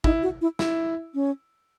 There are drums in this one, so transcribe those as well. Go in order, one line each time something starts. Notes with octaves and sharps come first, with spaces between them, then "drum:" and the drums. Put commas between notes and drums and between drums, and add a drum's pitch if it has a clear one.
D#4 E4, drum: kick
F#4
E4
E4, drum: snare
C#4